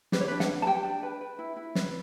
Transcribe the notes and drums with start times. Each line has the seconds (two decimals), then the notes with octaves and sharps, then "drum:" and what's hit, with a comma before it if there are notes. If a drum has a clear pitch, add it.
0.12 G4 B4, drum: snare
0.21 C#5
0.28 B4
0.31 D4
0.40 F#5, drum: snare
0.49 B4
0.62 A5
0.67 G4 G5
0.84 D4
1.03 B4
1.21 B4
1.39 E4
1.57 E4
1.75 B4, drum: snare